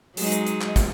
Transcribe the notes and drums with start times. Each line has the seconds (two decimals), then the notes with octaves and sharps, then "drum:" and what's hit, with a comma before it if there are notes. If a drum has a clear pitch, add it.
0.17 F#3 G#3 D#4, drum: open hi-hat
0.32 drum: hi-hat
0.47 drum: hi-hat
0.61 drum: clap
0.76 drum: kick, hi-hat